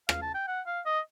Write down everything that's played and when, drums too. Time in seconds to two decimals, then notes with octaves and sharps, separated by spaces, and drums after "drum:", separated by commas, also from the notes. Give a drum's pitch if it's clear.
0.09 F5, drum: rim click
0.22 A5
0.34 G5
0.47 F#5
0.67 F5
0.86 D#5